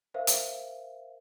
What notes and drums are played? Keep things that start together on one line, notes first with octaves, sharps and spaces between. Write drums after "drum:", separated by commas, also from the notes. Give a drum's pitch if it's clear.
A#4 C5 E5 F5
drum: hi-hat